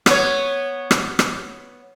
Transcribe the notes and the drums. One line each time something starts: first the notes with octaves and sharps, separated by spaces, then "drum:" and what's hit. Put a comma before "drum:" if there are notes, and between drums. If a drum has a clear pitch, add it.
B3 C#5, drum: rim click
drum: rim click
drum: rim click